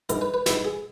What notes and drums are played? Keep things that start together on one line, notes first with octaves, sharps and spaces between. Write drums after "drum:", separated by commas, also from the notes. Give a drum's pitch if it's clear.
G#2 E3 A#4, drum: hi-hat
B4
B4
G#2 E3 E4, drum: snare
G#4